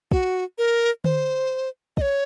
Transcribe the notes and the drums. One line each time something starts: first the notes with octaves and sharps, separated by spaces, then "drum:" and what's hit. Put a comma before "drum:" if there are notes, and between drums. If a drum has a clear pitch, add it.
F#4, drum: kick
A#4
C5, drum: tom D3
D#5, drum: kick
C#5